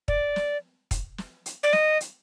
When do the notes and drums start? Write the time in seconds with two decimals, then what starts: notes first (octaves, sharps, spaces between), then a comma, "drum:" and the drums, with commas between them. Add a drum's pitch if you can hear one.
0.08 D5, drum: kick
0.36 drum: snare
0.91 drum: kick, hi-hat
1.18 drum: snare
1.46 drum: hi-hat
1.63 D5
1.73 D#5, drum: snare
2.00 drum: hi-hat